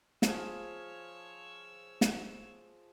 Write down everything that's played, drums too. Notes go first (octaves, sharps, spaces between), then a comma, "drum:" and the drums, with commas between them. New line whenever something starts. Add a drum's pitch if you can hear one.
F3 G#4 C#5 F5 E6, drum: snare
drum: snare